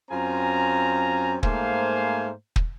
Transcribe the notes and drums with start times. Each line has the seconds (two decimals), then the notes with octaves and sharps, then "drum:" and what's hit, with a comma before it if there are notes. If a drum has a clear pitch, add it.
0.11 F#2 C4 F4 G#5 A#5
1.43 G#2 A3 A#3 C5 F5 G#5, drum: kick
2.56 drum: kick